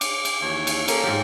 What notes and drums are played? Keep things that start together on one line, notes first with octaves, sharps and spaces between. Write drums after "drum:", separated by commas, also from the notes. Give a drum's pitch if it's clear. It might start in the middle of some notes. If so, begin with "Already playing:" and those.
D6, drum: cymbal
drum: cymbal
D#2 E3 C#5
drum: cymbal
A#3 C#4 A4, drum: cymbal
G#2 F4 G4